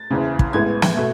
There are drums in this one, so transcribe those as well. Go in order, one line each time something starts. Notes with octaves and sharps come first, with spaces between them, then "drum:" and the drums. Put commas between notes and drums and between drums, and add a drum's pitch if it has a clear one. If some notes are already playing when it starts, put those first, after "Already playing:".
Already playing: A6
F#1 E2 C#3
drum: kick
A1 A2 G#3 B3 G#6
drum: snare
B2 A3